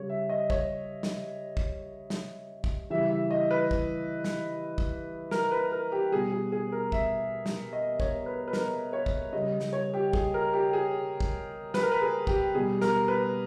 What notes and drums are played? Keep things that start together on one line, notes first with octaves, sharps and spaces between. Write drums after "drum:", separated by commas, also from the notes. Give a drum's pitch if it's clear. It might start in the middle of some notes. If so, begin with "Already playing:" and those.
Already playing: C#3 G3 C#5
E5
D#5
C#5, drum: kick
drum: snare
drum: kick
drum: snare
drum: kick
C#3 E3 G3 E5
E5
D#5
B4
drum: kick
drum: snare
drum: kick
A#4, drum: snare
B4
A#4
G4
B2 G3 G#4
G#4
G#4
A#4
E5, drum: kick
drum: snare
D#5
C#5, drum: kick
B4
B4
A#4, drum: snare
C#5
drum: kick
C#3 G3 D#5
drum: snare
C#5
G4
G#4, drum: kick
A#4
G4
G#4
drum: kick
B4, drum: snare
A#4
B4
G#4
G4, drum: kick
B2 G3 G#4
A#4, drum: snare
B4